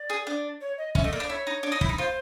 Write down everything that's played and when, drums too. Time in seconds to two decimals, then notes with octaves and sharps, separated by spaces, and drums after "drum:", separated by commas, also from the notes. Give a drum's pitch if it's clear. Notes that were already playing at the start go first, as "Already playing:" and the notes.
Already playing: D5
0.10 G#4
0.27 D4
0.60 C#5
0.77 D#5
0.95 C#4 E5, drum: kick
1.03 A3 D#5
1.12 A#3 D5
1.20 D4
1.29 E4 C#5
1.47 D#4
1.63 D4
1.72 D#4
1.81 E4, drum: kick
1.89 D#4
1.98 F4 C5